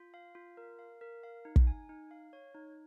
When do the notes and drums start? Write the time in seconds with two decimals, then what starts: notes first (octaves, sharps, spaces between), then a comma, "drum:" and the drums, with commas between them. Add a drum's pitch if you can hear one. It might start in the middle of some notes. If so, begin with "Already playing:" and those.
Already playing: F4
0.14 F5
0.35 F4
0.57 A#4
0.79 F5
1.01 A#4
1.23 F5
1.45 D#4
1.56 drum: kick
1.67 G#5
1.89 D#4
2.11 F5
2.33 C#5
2.55 D#4